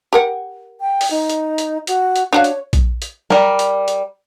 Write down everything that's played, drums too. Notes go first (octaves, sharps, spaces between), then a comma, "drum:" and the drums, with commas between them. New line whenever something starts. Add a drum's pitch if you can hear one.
G4 A#4 F#5
G5
drum: open hi-hat
D#4
drum: hi-hat
drum: hi-hat
F#4, drum: hi-hat
drum: hi-hat
D4 F#4 C#5 F5
drum: hi-hat
drum: kick A#1, hi-hat
drum: hi-hat
G3 A#4, drum: snare
drum: hi-hat
drum: hi-hat